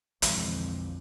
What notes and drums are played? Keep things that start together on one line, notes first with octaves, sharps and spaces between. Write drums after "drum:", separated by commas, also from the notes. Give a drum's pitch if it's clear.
B1 F2 D3 E3 F3 G#3, drum: hi-hat